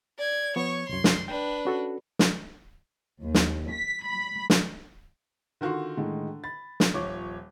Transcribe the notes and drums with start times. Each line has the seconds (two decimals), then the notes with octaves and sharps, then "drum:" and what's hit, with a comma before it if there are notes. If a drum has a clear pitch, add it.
0.18 D5 G#6
0.56 F3 B3 C#5 C#6
0.89 C2 F#2 C6
1.04 drum: snare
1.28 D4 B4 G5
1.65 C#4 F#4 A4
2.19 drum: snare
3.22 D#2
3.34 drum: snare
3.72 B6
4.06 B5
4.50 drum: snare
5.61 D3 D#3 F4 F#4 C6
5.97 A2 D3 D#3 G#3
6.44 B5 A6
6.80 drum: snare
6.94 D#1 F3 C#5 D6